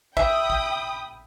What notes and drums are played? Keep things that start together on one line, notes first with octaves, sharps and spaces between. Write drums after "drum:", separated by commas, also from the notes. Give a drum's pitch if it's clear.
E5 G5 B5 D#6, drum: kick
drum: kick